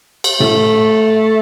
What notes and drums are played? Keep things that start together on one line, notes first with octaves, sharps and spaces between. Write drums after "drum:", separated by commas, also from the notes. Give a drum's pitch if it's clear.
drum: cymbal
A3, drum: tom A2